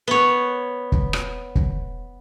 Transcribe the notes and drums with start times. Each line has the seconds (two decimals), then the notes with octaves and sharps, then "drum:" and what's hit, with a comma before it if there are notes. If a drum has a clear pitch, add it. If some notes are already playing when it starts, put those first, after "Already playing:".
0.08 B3 C#5
0.92 drum: kick
1.13 drum: rim click
1.55 drum: kick